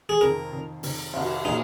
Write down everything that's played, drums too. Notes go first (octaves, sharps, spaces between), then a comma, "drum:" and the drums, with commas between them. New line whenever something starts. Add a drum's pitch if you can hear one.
G#4
F2 C3 D#3 A#4
F2 C3 D#3
F2 C3 D#3, drum: open hi-hat
F2 C3 D#3, drum: cymbal
A#2 A#3 D#4 G#4